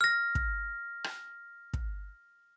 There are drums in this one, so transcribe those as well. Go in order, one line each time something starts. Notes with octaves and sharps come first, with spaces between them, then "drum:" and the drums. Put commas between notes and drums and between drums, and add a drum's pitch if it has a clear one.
F6 A#6
drum: kick
drum: rim click
drum: kick